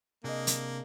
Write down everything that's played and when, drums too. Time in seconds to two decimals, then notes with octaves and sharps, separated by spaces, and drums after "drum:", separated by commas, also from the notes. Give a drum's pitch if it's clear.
0.24 C3 A#3 D4 G#4 D#5
0.47 drum: hi-hat